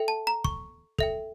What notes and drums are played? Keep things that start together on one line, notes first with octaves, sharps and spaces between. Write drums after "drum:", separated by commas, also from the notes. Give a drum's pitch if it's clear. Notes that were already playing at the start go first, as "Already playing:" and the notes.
Already playing: A4 E5 G5
A5
A#5
C#6, drum: kick
A4 E5 G5, drum: kick